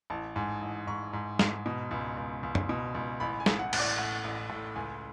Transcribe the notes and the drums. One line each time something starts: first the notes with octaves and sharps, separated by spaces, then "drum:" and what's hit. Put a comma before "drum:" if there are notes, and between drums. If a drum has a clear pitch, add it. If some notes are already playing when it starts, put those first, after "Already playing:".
A1 A5
G#2
A1
G#2 C#6
G#2
G#2, drum: snare
B2
C#2
C#2
C#2
drum: tom
B2
C#2
A1 B5
G#5
A1, drum: snare
F#5
A2, drum: cymbal
D5
A2 F#5
A1
A2
C#2 G#5